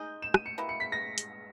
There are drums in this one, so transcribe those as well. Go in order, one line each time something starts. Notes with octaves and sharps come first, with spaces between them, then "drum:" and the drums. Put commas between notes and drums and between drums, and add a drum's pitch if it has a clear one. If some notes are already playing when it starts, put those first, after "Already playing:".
Already playing: G#3 D#4 G#4 D#5 G6
E7
D#7, drum: rim click
C#7
B2 A#3 E4 G4
C#7
B6
A#6
drum: hi-hat